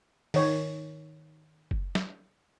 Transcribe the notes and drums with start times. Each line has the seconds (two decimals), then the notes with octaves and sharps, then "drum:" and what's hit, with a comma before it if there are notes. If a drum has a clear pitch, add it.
0.34 D#3 C#5, drum: open hi-hat
1.71 drum: kick F#1
1.95 drum: snare